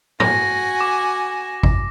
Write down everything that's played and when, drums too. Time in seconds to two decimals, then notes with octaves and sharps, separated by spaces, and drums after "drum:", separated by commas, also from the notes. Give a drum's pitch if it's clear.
0.20 F#4 G#5 A#6, drum: tom
0.81 D6
1.63 drum: kick G#1